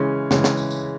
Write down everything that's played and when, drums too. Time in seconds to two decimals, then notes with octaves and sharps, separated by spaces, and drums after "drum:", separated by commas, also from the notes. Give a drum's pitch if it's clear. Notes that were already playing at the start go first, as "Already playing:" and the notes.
Already playing: C#3 E3 G#3 C#4
0.31 C#3 E3 G#3, drum: snare
0.44 drum: snare
0.57 drum: tambourine
0.71 drum: tambourine